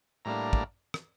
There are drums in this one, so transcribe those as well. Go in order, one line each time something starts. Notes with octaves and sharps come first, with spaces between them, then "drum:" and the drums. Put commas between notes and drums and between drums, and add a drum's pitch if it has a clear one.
A2 G3 A#3 D4 A#5
drum: kick
drum: rim click